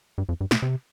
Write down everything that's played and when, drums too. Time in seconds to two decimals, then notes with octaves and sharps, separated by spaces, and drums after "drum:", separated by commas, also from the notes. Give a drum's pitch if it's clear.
0.18 G2
0.29 F2
0.41 G2
0.51 B2, drum: snare
0.62 C3